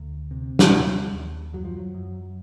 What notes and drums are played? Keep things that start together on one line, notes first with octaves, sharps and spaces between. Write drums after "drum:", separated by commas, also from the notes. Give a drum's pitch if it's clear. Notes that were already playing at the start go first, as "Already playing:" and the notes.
Already playing: D2
C3
drum: snare
D#2 G3
F#3
G3
D#2
F#2 F#3
F3
F#3
F#2